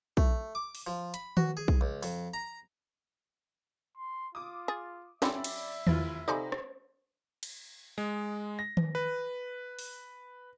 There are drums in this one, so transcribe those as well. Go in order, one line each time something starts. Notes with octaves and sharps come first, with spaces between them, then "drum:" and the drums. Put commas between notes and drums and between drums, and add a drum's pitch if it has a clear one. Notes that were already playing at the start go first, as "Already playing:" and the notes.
A3, drum: kick
D6
drum: open hi-hat
F3
B5, drum: hi-hat
F#4, drum: tom D#3
G#4
drum: kick
C#2
F2, drum: open hi-hat
A#5
C6
F4 D6 D#6
G#4 A6
F#3 C4 C#4 D5 E5 B5 E6, drum: snare
drum: cymbal
F1 E2 E4 F4 A6, drum: tom D#3
C3 F3 D#4 A4 D5 G#5 B5
drum: rim click
drum: cymbal
G#3
A#6
drum: tom D#3
B4
drum: open hi-hat